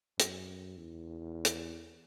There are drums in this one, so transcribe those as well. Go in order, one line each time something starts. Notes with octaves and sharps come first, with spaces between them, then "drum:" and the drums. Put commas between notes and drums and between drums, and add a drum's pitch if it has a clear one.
F#2, drum: hi-hat
E2
drum: hi-hat